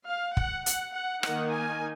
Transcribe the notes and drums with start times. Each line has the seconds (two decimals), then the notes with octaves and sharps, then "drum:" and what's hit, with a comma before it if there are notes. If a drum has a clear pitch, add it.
0.09 F5
0.37 F#5, drum: kick
0.66 F#5, drum: hi-hat
0.94 F#5
1.23 D#3 A#3 D#4 F#5, drum: rim click
1.51 G#5